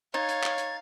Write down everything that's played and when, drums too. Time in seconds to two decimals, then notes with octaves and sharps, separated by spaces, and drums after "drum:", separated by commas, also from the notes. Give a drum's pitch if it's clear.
0.14 D#4 C#5 F5 G#6 A6
0.29 drum: hi-hat
0.43 drum: clap
0.58 drum: hi-hat